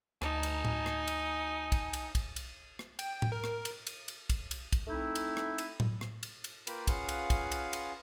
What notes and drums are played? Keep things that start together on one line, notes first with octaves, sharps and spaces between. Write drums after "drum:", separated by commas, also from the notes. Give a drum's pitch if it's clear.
D2 D#4 G#5 A5, drum: rim click
drum: cymbal
drum: tom A2
drum: rim click
drum: cymbal
drum: kick, cymbal
drum: cymbal
drum: kick, cymbal
drum: cymbal
drum: rim click
G5, drum: cymbal
drum: tom A2
A#4
drum: rim click
drum: cymbal
drum: cymbal
drum: cymbal
drum: kick, cymbal
drum: cymbal
drum: kick, cymbal
A3 C4 D#4 E4
drum: cymbal
drum: rim click
drum: cymbal
drum: tom A2
drum: rim click
drum: cymbal
drum: cymbal
A#3 F4 A#4 B4 G5 B5, drum: cymbal
C#4 F4 G#4 B4 F5 F#5, drum: kick, cymbal
drum: cymbal
drum: kick, cymbal
drum: cymbal
drum: cymbal